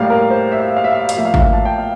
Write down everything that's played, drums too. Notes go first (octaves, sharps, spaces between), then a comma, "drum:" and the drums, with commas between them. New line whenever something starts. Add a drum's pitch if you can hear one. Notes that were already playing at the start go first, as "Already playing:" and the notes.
Already playing: A2 G3 A#3 F5
A#4
C5
E5
F5
E5
F5
E5
F5
E5
F5, drum: hi-hat
A2 F3 A#3 E5
F5
E5, drum: kick G#1
A5
G5
F5